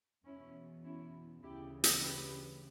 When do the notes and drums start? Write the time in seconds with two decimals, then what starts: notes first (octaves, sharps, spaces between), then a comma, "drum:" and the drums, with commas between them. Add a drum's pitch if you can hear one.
0.25 E2 B2 C#4 E4
0.84 C#4 E4
1.43 D2 C#3 E3 E4 G4
1.84 drum: hi-hat
2.02 G4 B4